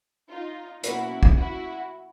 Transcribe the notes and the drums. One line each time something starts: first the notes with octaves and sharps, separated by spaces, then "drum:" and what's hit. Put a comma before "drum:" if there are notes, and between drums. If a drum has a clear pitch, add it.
D#4 F4
B2 F#3 A#3 C#4 E4 F#4, drum: hi-hat
drum: kick
E4 F#4